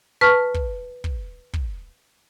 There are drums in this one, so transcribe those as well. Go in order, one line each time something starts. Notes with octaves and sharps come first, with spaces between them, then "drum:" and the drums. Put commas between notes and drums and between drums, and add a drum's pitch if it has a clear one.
B4 A5 C#6 F6
drum: kick
drum: kick
drum: kick